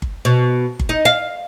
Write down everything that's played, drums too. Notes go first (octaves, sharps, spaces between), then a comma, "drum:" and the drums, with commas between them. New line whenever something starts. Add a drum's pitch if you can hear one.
drum: kick G1
B2
drum: kick G1
D#4
F5